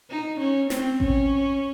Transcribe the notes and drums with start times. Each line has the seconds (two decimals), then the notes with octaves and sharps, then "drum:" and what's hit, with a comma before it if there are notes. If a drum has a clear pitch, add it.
0.10 D#4
0.40 C#4
0.70 C4, drum: snare
1.00 C#4, drum: kick A1